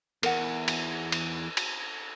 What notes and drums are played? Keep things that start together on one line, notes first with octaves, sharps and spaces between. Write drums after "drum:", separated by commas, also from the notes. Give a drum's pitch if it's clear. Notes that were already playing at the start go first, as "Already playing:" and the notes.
E2 A#4 F#5, drum: cymbal
drum: cymbal
drum: cymbal
drum: cymbal